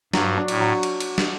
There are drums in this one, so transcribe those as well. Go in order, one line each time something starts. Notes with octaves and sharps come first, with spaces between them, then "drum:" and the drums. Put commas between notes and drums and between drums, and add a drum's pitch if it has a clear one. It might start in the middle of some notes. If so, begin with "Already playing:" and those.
G2 F#3, drum: snare
D4
A2, drum: cymbal
F#3
drum: cymbal
drum: cymbal
drum: snare